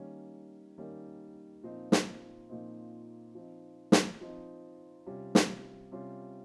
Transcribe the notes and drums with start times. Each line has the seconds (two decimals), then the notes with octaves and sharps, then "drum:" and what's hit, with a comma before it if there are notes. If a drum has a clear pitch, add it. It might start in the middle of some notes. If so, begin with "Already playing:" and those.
Already playing: D#3 G3 A#3 C#4
0.78 D#3 G3 A#3 C#4
1.63 A#2 F3 C4 D#4
1.92 drum: snare
2.49 A#2 F3 C4 D#4
3.35 F3 C4 D#4
3.92 drum: snare
4.21 F3 C4 D#4
5.06 C3 G3 C#4 F4
5.35 drum: snare
5.91 C3 G3 C#4 F4